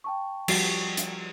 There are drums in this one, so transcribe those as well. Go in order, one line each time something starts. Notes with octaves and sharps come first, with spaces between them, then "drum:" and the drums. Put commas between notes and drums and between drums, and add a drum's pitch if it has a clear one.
G5 A5 C#6
F3 G3 F#4, drum: cymbal
drum: hi-hat